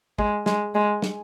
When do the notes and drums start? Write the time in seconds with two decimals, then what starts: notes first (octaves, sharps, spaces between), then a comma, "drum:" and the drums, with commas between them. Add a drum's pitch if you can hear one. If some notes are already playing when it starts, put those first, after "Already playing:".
0.19 G#3, drum: kick
0.46 G#3, drum: snare
0.75 G#3
1.02 drum: snare